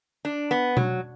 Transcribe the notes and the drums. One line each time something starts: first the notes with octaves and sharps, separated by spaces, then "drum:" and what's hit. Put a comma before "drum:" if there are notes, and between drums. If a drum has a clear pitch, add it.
D4
B3
F#3, drum: tom B2